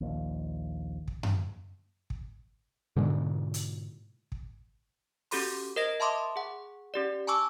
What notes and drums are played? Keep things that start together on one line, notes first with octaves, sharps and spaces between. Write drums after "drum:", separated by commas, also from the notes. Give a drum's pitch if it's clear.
A#1 D#2
drum: kick
drum: tom F#2
drum: kick
G#2 B2 D3 G#3
drum: hi-hat
drum: kick
C#4 F#4 G4 A4 B5 C6, drum: open hi-hat
A#4 C5 D#5 A#6 D7
E5 A5 B5 C6 D6 D#6
G#4 F#5
C#4 G4 D5
G#5 A5 B5 C#6 D6 E6